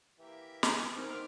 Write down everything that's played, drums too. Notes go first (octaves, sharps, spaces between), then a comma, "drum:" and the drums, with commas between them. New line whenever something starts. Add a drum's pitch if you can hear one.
E3 A#3 G4 E5
C5 G#5, drum: snare
C4 D#4 E4 A#4 C5
D3 D#3 E5 G5 C6 D6 F6